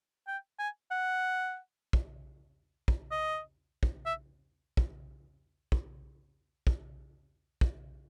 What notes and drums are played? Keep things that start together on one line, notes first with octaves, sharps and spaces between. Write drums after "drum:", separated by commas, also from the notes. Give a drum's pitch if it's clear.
G5
G#5
F#5
drum: kick
drum: kick
D#5
drum: kick
E5
drum: kick
drum: kick
drum: kick
drum: kick